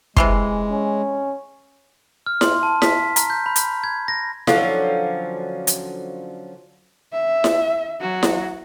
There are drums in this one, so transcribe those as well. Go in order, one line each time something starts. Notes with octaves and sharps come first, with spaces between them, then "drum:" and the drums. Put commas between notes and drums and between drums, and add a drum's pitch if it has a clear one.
C3 E3 G#3 C6, drum: kick
C#4
F6
C6, drum: snare E4
A5
B6, drum: snare E4
A#5, drum: hi-hat
G6
B5
drum: hi-hat
G#6
A#6
D3 F3 F#3 C#4, drum: snare E4
drum: hi-hat
E5
drum: snare E4
F#3 F#4
drum: snare E4